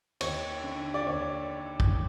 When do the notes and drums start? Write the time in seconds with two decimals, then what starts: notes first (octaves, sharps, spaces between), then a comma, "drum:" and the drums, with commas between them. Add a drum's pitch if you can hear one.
0.21 D#2 C#5, drum: cymbal
0.63 D3
0.94 D5
1.07 D#2 C#5
1.80 drum: kick